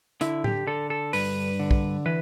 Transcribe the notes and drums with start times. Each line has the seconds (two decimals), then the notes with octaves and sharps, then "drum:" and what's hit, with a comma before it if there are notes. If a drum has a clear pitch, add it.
0.21 D3 E4, drum: hi-hat
0.44 G4, drum: tom A2
0.67 D3 A4
0.90 A4
1.13 G2 B4, drum: open hi-hat
1.60 D3
1.71 drum: kick
2.06 E3 B4